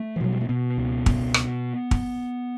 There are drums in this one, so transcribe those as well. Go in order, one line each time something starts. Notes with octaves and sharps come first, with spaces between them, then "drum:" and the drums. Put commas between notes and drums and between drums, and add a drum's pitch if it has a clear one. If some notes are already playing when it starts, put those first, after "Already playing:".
Already playing: A3
E3
B2 F#3
G3
A3
B2 B3
C#2
B2, drum: kick
drum: rim click
drum: kick